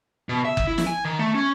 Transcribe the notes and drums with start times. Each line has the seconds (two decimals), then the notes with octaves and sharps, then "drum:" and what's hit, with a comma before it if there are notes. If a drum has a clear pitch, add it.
0.29 B2
0.45 E5
0.57 drum: kick F#1
0.67 E4
0.78 drum: snare
0.87 G#5
1.05 D#3
1.19 A3
1.35 C#4